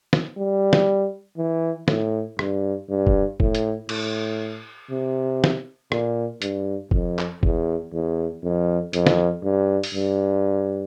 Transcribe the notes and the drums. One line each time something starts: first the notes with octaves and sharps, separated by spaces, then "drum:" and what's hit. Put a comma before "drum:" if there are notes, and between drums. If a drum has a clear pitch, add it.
drum: snare
G3
drum: snare
E3
A2, drum: snare
G2, drum: rim click
G2
drum: kick F1
A2, drum: kick F1
drum: hi-hat
A2, drum: cymbal
C3
drum: snare
A#2, drum: rim click
G2, drum: hi-hat
F2, drum: kick F1
drum: clap
E2, drum: kick F1
E2
F2
F2, drum: hi-hat
drum: snare
G2
drum: open hi-hat
G2